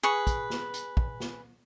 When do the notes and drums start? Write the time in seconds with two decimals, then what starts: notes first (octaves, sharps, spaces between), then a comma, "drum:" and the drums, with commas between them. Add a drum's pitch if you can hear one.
0.03 G#4 B4 C#6
0.27 drum: kick, hi-hat
0.50 drum: snare
0.74 drum: hi-hat
0.97 drum: kick
1.20 drum: snare